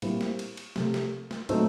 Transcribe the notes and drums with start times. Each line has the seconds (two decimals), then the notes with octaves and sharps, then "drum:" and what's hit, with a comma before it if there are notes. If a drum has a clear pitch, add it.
0.02 A#2 G3 C4 E4, drum: cymbal
0.21 drum: snare
0.39 drum: cymbal
0.57 drum: cymbal
0.76 C3 F3 A3, drum: snare
0.94 drum: snare
1.31 drum: snare
1.49 A#2 F#3 A3 C4 D#4, drum: cymbal